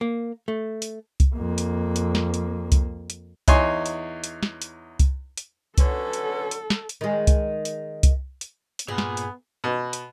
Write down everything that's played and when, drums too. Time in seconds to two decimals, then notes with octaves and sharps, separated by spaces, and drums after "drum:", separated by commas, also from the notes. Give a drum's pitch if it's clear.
0.01 A#3
0.48 A3
0.82 drum: hi-hat
1.20 drum: kick C2, hi-hat
1.36 F2 A#3
1.58 drum: hi-hat
1.96 drum: hi-hat
2.15 drum: snare
2.34 drum: hi-hat
2.72 drum: kick C2, hi-hat
3.10 drum: hi-hat
3.48 E2 D#4 C#5 G#5 C6, drum: kick C2, hi-hat
3.86 drum: hi-hat
4.24 drum: hi-hat
4.43 drum: snare
4.62 drum: hi-hat
5.00 drum: kick C2, hi-hat
5.37 drum: hi-hat
5.78 D3 F#3 C#4 A4 B4, drum: kick C2, hi-hat
6.13 drum: hi-hat
6.51 drum: hi-hat
6.70 drum: snare
6.89 drum: hi-hat
7.01 D#3 G#3
7.27 drum: kick C2, hi-hat
7.65 drum: hi-hat
8.03 drum: kick C2, hi-hat
8.41 drum: hi-hat
8.79 drum: hi-hat
8.88 G2 A#2 B3 G#4
8.98 drum: snare
9.17 drum: hi-hat
9.64 B2
9.93 drum: hi-hat